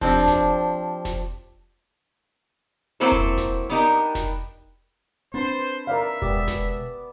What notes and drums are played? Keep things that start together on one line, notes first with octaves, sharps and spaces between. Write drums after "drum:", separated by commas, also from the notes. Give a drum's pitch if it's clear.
F3 C4 D4 G4, drum: kick E1
drum: snare F1
drum: snare F1
F#3 A#3 C4 E4 A4 C5
drum: kick E1
drum: snare F1
B3 D4 D#4 G4 A#4
drum: snare F1
C4 D4 B4 C5 A5
A#4 D5 E5 F5
B2 G#3 B3 G4 D5, drum: kick E1
drum: snare F1